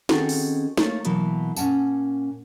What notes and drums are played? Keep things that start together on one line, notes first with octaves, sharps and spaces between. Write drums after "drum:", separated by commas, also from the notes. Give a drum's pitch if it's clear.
D#3 C4 C#4 F#4 G#4 A4, drum: snare
drum: open hi-hat
A3 A#3 C#5, drum: snare
B2 E3 F#3 A#3, drum: hi-hat
A#2 C#4 F#5 A5, drum: tambourine